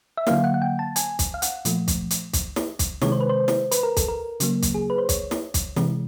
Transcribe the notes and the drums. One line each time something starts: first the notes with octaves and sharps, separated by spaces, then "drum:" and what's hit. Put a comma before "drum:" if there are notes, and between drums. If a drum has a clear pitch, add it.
E5
D3 F#3 A#3 F5, drum: snare
F#5
F#5
G5
A5
G#5, drum: hi-hat
drum: kick, hi-hat
F5
F#5, drum: hi-hat
A#2 F3 A3, drum: hi-hat
drum: kick, hi-hat
drum: hi-hat
drum: kick, hi-hat
drum: snare
drum: kick, hi-hat
C3 D#3 G#3 C#5, drum: snare
C5
B4
C5
drum: snare
B4, drum: hi-hat
A#4
A4, drum: kick, hi-hat
A#4
C#3 F#3 A#3, drum: hi-hat
drum: kick, hi-hat
G#4
B4
C5
C#5, drum: kick, hi-hat
drum: snare
drum: kick, hi-hat
C3 E3 G#3, drum: snare